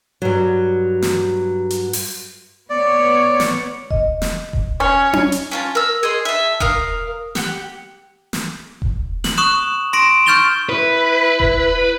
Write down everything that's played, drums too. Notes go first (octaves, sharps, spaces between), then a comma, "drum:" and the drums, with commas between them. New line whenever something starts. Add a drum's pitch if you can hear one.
G2 F#3
drum: snare
drum: hi-hat
drum: open hi-hat
B3 C#5 D5
drum: snare
D#5, drum: kick E1
drum: snare
drum: kick E1
C#4 C#5
drum: tom C#4
drum: hi-hat
C#4 F4 A5
A#4 E6
G#4 D#5 C6
E5 A5
A#4 F5 D#6, drum: kick E1
G4 F#5, drum: snare
drum: snare
drum: kick E1
F#7, drum: snare
C#6 D#6 F#6 E7
C6 A#6 D7 E7
C#6 F6 G6 A6 F7 G7
E4 B4
drum: kick E1